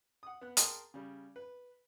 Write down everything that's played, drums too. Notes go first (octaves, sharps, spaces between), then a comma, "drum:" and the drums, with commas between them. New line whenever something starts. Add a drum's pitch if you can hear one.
F#5 D#6
B3 F#6
G#4 A#4 G5 A5 C6 D#6, drum: hi-hat
C#3 G3
B4